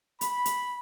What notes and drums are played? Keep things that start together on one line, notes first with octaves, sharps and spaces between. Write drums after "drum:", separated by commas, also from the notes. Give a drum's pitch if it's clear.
B5, drum: hi-hat
drum: hi-hat